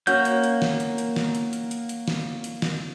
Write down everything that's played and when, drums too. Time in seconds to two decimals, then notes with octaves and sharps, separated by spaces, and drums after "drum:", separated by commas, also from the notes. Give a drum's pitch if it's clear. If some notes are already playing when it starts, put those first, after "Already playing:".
0.07 A#3 C#4 F#4 G6, drum: hi-hat
0.25 drum: hi-hat
0.43 drum: hi-hat
0.62 drum: snare
0.80 drum: hi-hat
0.98 drum: hi-hat
1.16 drum: snare
1.35 drum: hi-hat
1.53 drum: hi-hat
1.71 drum: hi-hat
1.89 drum: hi-hat
2.08 drum: snare
2.44 drum: hi-hat
2.62 drum: snare